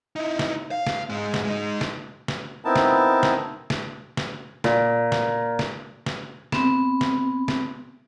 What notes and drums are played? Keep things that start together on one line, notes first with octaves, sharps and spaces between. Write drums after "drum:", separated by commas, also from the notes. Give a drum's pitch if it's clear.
D#4 E4
drum: snare
F5
drum: snare
G#2 G#3
drum: snare
G#3 D#4
drum: snare
drum: snare
B3 C4 D#4 E4 A#4 A5
drum: snare
drum: snare
drum: snare
drum: snare
A#2, drum: snare
drum: snare
drum: snare
drum: snare
B3 C4, drum: snare
drum: snare
drum: snare